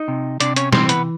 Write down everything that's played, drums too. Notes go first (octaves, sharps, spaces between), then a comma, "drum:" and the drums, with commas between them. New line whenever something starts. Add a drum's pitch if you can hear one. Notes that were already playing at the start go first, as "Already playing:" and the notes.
Already playing: D#4 D#5
C3
C3 D4 D5, drum: hi-hat
C#4 C#5, drum: hi-hat
E3 C4 C5, drum: snare
B3 B4, drum: hi-hat